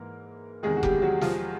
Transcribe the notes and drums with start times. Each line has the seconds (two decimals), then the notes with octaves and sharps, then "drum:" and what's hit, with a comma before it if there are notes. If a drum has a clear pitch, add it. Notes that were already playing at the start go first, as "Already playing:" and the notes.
Already playing: G#2 E3 A#3 A#4
0.63 E2 C3 D#3 G#3 G#4
0.76 F#4
0.83 G3 G4, drum: kick F1
1.02 F#3 F#4
1.21 F3 F4, drum: snare